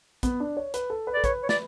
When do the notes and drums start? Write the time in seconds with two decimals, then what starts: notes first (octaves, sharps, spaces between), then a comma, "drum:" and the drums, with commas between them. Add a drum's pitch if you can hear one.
0.23 B3, drum: kick, hi-hat
0.40 D4
0.57 C#5
0.74 B4, drum: hi-hat
0.90 A4
1.07 B4
1.14 A4 D5
1.24 B4 C#5, drum: kick, hi-hat
1.43 C#5
1.49 D5, drum: snare